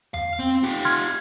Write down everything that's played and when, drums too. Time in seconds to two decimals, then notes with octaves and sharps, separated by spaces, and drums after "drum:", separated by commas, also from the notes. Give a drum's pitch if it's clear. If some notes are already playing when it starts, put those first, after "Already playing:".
0.14 F5, drum: tom E2
0.39 C4
0.63 F4 G4
0.85 C6 F6 G#6